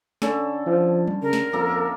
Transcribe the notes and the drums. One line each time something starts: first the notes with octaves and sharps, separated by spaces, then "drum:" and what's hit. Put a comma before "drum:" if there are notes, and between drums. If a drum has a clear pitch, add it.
D3 C#4 A4, drum: snare
F3
drum: tom F#3
C#3 A#4
drum: snare
F2 A#3 A4 E5